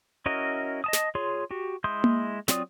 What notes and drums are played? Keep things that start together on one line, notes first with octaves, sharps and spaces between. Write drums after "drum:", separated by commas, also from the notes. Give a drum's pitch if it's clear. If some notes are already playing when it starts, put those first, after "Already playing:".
C#4 E4 F#4 A#4 D#5
D#5 A5 D#6
drum: snare
F4 G#4 C#5 C6
F#4 G4
G#3 E4 C6 D#6 G6
drum: tom A#3
F#3 C4 F4 D5 D#6, drum: snare